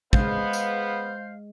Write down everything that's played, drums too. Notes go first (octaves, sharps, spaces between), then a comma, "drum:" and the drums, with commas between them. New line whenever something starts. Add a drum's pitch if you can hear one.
G#3 B3 B4 C5 F5, drum: kick
drum: tambourine